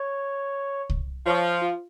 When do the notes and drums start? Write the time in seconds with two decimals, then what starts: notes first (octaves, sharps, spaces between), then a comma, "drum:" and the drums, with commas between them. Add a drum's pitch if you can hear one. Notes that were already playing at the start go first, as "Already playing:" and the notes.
Already playing: C#5
0.90 drum: kick C2
1.26 F3 C#5
1.61 F4